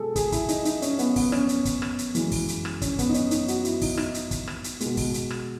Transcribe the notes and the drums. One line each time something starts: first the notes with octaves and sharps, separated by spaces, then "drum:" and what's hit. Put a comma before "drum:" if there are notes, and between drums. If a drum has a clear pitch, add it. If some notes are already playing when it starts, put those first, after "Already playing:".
Already playing: B2 G#3 G#4 A4
G#4, drum: kick, hi-hat
E4, drum: kick, hi-hat
D#4, drum: hi-hat
D#4, drum: hi-hat
C#4, drum: hi-hat
B3, drum: hi-hat
B3, drum: kick, open hi-hat
C#4, drum: rim click
drum: hi-hat
drum: kick, hi-hat
drum: rim click
drum: hi-hat
F#2 E3 G#3, drum: hi-hat
drum: kick, open hi-hat
drum: hi-hat
drum: rim click
C#4, drum: kick, hi-hat
B3, drum: kick, hi-hat
D#4
C#4, drum: hi-hat
D#4, drum: hi-hat
F#4, drum: hi-hat
E4, drum: hi-hat
D#4, drum: kick, open hi-hat
D#4, drum: rim click
drum: hi-hat
drum: kick, hi-hat
drum: rim click
drum: hi-hat
B2 G#3, drum: hi-hat
drum: kick, open hi-hat
drum: hi-hat
drum: rim click